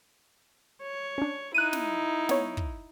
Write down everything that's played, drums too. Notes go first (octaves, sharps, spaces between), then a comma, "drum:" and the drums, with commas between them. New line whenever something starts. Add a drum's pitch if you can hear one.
C#5
C#4 D4
D#4 E4 F#6 D#7
drum: snare
B3 C#5, drum: snare
drum: kick